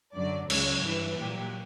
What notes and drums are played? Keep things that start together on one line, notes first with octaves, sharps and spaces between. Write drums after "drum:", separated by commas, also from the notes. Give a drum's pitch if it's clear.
F#2 D3 F#3 D5
C#2 C#3 F#3 C#5, drum: cymbal
G2 E3 G3 B4
A#2 F#3 G4